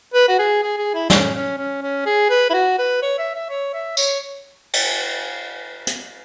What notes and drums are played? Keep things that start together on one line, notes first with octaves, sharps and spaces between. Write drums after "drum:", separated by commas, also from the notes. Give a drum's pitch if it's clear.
B4
F#4
G#4
G#4
G#4
E4
C#4, drum: snare
C#4
C#4
C#4
G#4
B4
E4
F#4
B4
C#5
E5
E5
C#5
E5
C#5, drum: tambourine
drum: cymbal
drum: hi-hat